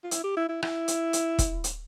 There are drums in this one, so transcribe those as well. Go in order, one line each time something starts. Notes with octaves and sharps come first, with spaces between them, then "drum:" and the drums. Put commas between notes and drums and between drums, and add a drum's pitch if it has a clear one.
F4
E4, drum: hi-hat
G4
E4
E4
E4, drum: rim click
drum: hi-hat
drum: hi-hat
drum: kick E1, hi-hat
drum: hi-hat